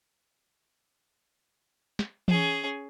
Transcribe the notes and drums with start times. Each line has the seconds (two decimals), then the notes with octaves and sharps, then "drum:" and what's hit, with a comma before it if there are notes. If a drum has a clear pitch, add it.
1.99 drum: snare
2.28 C#4 G#4, drum: tom E3